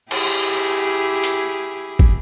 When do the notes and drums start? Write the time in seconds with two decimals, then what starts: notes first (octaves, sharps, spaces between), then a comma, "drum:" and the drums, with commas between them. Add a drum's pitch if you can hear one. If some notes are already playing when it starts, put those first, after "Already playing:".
0.11 E4 G4 G#4, drum: cymbal
1.24 drum: hi-hat
1.99 drum: kick